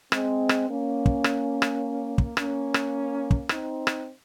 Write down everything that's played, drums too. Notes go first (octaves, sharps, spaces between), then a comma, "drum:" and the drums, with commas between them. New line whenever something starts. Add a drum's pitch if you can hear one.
G#3 C4, drum: rim click
drum: rim click
A#3 C#4
drum: kick
drum: rim click
drum: rim click
drum: kick
A#3 C#4, drum: rim click
drum: rim click
drum: kick
C4 D#4, drum: rim click
drum: rim click